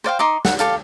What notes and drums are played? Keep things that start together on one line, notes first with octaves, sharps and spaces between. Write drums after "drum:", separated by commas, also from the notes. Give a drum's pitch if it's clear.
C5 D5 F5 G5
D#4 C6 D6
F#5, drum: snare
G4 A4 F5, drum: hi-hat